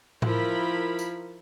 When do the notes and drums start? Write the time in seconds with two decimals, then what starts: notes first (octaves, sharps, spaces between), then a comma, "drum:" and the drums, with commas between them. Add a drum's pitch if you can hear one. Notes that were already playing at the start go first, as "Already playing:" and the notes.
0.22 F3 E4 F4 A#4 B5, drum: tom A2
0.99 drum: tambourine